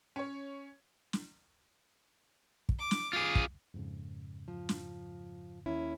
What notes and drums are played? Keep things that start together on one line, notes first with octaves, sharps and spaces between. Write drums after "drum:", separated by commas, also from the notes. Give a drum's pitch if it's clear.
C#4 C#5
drum: snare
drum: kick
D6
drum: snare
F4 G#4 D6
drum: kick
F2 G#2 C#3
F3
drum: snare
D#2 C#4 E4